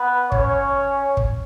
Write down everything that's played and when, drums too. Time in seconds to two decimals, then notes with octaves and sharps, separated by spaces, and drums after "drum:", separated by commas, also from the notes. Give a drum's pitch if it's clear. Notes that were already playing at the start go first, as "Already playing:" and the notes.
Already playing: B3 B4
0.32 C#4 C#5, drum: kick
1.17 drum: kick